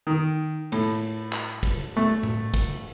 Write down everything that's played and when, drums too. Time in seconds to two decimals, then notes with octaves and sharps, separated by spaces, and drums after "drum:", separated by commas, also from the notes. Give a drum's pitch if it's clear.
0.07 D#3
0.72 A2, drum: cymbal
1.33 drum: clap
1.63 drum: kick, cymbal
1.97 A3
2.23 drum: tom A2
2.54 drum: kick, cymbal